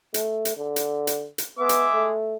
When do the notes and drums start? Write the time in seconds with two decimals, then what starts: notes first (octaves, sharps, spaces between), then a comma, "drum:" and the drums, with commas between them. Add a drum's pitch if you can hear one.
0.14 A3, drum: hi-hat
0.45 drum: hi-hat
0.57 D3
0.76 drum: hi-hat
1.07 drum: hi-hat
1.38 drum: hi-hat
1.58 G#3 B3 E5 D6
1.69 drum: hi-hat
1.93 A3